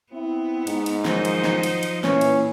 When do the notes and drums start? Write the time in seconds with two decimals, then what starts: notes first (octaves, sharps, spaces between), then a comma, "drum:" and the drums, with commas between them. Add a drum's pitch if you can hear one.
0.12 B3 C4 E4
0.67 G#2 D#4, drum: cymbal
0.86 drum: cymbal
1.05 D#3 F3 F#3 D#4 C5 D#5, drum: snare
1.25 drum: cymbal
1.44 drum: snare
1.63 drum: cymbal
1.83 drum: cymbal
2.04 A#2 E3 A#3 C#4, drum: snare
2.21 drum: cymbal